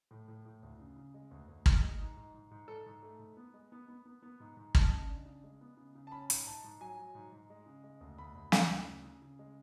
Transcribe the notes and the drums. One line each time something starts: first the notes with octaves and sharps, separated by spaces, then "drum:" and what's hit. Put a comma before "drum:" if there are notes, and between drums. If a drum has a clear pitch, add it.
A2
A2
A2
D2
C#3
C#3
G#3
D2
D2
D2, drum: kick
G#3
G#2
G#2
G#2
G#2
G#2 A4
G#2
A3
G#2
B3
G#3
B3
B3
B3
B3
G#2
G#2
G#3 A5, drum: kick
C#3
D4
C#3
G#3
B3
C#3
C#3
A5
C#4 B5
G#2, drum: hi-hat
G#2 A5
G#2
F#3 G#5
F#3
G#2
G#2
G#3
C#3
G#3
D2
D2 B5
D2
C#3, drum: snare
D2
C#3
C#3
C#3
G#3